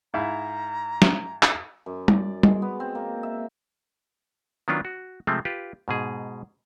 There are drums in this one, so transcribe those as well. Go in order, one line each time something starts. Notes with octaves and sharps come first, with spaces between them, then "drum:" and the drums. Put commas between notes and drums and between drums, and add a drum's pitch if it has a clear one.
G#2 E4 F5 A#5
drum: snare
drum: clap
F#2
D5, drum: tom
G#3, drum: tom
B3
C4
A#3
E5
D#3 F#3 B3 C#4 D4 F4
F#4
C3 F3 G#3 A3 C4
F4 G4 B4
G#2 B2 G#4